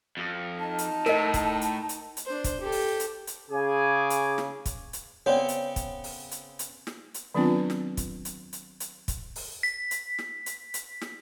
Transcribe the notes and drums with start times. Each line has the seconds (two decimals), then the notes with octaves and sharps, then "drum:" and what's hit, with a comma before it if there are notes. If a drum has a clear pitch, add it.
0.17 F2
0.60 D#4 A5
0.78 drum: hi-hat
1.06 A2 A#4 D#5, drum: snare
1.34 drum: kick, hi-hat
1.61 drum: hi-hat
1.89 drum: hi-hat
2.17 drum: hi-hat
2.26 D4 C5
2.44 drum: kick, hi-hat
2.60 G4 A4
2.72 drum: open hi-hat
3.00 drum: hi-hat
3.27 drum: hi-hat
3.50 C#3 G#4 G#5 D6
4.10 drum: hi-hat
4.38 drum: snare
4.66 drum: kick, hi-hat
4.93 drum: hi-hat
5.26 C#3 B3 C4 C#5 D5
5.48 drum: hi-hat
5.76 drum: kick, hi-hat
6.04 drum: open hi-hat
6.31 drum: hi-hat
6.59 drum: hi-hat
6.87 drum: snare
7.14 drum: hi-hat
7.35 D#3 F#3 B3 C4 D4 F4
7.70 drum: snare
7.97 drum: kick, hi-hat
8.25 drum: hi-hat
8.53 drum: hi-hat
8.80 drum: hi-hat
9.08 drum: kick, hi-hat
9.36 drum: open hi-hat
9.63 B6
9.91 drum: hi-hat
10.19 drum: snare
10.46 drum: hi-hat
10.74 drum: hi-hat
11.01 drum: snare